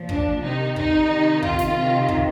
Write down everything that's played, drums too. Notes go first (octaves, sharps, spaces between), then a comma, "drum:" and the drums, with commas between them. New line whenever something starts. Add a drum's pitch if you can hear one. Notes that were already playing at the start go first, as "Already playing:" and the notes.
Already playing: A#2 F3
D4, drum: kick
C3 D#3 D#4
D#4, drum: kick
C3 D#3
F4, drum: kick
drum: snare
C3 D#3
drum: kick